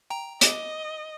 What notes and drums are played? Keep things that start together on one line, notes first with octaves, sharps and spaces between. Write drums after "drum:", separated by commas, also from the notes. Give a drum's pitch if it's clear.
G5 A#5
D#5 D6, drum: hi-hat